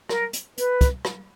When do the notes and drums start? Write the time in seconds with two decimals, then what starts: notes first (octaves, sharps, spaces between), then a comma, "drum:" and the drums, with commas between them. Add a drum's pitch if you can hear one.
0.09 A#4, drum: rim click
0.33 drum: hi-hat
0.58 B4, drum: hi-hat
0.81 drum: kick, hi-hat
1.05 drum: rim click